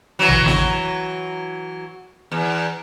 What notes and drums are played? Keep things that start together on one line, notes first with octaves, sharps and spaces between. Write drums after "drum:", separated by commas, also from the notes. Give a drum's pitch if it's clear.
E3 F#3
drum: tom A1
drum: snare
E2